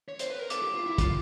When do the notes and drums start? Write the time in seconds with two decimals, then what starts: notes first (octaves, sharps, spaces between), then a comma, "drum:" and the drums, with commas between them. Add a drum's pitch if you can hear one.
0.09 C#5
0.19 C5, drum: hi-hat
0.30 B4
0.39 A#4
0.50 A4 D6, drum: hi-hat
0.62 G4
0.75 F4
0.87 E4
0.98 F4, drum: kick, hi-hat